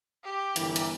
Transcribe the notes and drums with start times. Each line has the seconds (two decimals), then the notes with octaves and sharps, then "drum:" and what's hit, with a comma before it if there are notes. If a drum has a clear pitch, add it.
0.24 G4
0.56 G1 E3 A#4, drum: hi-hat
0.76 drum: hi-hat